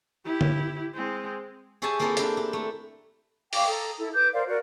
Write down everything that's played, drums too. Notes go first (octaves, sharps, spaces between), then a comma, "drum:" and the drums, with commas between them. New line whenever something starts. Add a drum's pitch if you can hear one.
E4 G4
drum: tom D3
G#3 C4
G4 G#4 C#5 E5 G#5 A5
A#3 C4 E4 F4 A4
D4 E4 G4, drum: hi-hat
G4
A3
F5 G5 C#6 D6, drum: open hi-hat
A4 A#5 D#6
E4 A4
B4 D6 G6
A#4 C5 D5 F5
F#4 A#4 D5